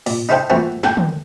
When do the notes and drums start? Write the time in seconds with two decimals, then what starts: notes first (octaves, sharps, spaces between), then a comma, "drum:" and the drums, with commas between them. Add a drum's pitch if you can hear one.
0.06 A#2, drum: open hi-hat
0.29 D#4 E4 A4 C5 F5 G5
0.50 E3 A3 A#3 C4 F4 F#4
0.83 A4 F#5 G5, drum: snare
0.97 drum: tom